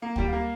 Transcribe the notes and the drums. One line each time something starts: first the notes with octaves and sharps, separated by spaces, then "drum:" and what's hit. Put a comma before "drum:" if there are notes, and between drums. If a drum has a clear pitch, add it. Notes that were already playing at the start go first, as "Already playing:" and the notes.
A#3 F5
G3 G5, drum: kick
A#3 F5